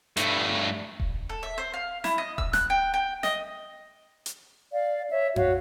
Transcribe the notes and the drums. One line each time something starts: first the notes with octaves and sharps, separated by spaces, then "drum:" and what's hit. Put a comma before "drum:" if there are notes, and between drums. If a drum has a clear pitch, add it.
G2 A3, drum: hi-hat
drum: kick D#1
A4
E5
C5
F5
E4, drum: snare
D#5
E6, drum: kick D#1
F#6, drum: snare
G5
G5
D#5, drum: snare
drum: hi-hat
D5 F5
C#5 E5
F#4 C#5 F5, drum: tom F2